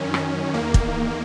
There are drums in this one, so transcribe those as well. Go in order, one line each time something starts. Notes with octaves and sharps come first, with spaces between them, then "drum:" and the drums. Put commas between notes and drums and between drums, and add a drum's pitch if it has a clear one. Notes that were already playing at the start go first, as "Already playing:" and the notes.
Already playing: F#2 D#3 C#4
drum: rim click
E2 D#3 A#3
drum: kick